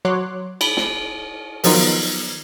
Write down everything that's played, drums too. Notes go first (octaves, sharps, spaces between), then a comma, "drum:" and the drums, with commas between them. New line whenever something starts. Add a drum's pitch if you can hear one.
F#3 C#5 C6 D6 F#6
B5, drum: cymbal
drum: snare
D#3 F3 F#3 B3 D#4 F4, drum: open hi-hat